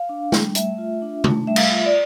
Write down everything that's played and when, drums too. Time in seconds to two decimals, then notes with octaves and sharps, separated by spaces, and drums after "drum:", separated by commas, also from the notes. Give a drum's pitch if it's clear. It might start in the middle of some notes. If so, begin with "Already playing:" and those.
Already playing: F5
0.09 D4
0.32 G3, drum: snare
0.55 A3 E5, drum: hi-hat
0.78 F4
1.02 D4
1.24 A3, drum: tom
1.47 G3 E5
1.56 F5, drum: cymbal
1.64 E5
1.71 F4
1.86 D5